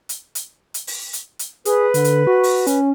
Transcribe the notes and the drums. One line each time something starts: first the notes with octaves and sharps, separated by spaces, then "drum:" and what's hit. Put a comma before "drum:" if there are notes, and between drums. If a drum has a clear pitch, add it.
drum: hi-hat
drum: hi-hat
drum: hi-hat
drum: open hi-hat
drum: hi-hat
drum: hi-hat
G#4 B4, drum: hi-hat
D3, drum: hi-hat
drum: hi-hat
F#4
drum: open hi-hat
C#4, drum: hi-hat